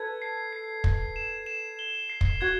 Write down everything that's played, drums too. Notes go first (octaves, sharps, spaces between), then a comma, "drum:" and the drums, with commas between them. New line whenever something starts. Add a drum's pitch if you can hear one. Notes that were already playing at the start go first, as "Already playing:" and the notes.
Already playing: A4 B4 G#6
C7
C7
C7, drum: kick
E7
E7
G7
C7
drum: kick
F#4 G#6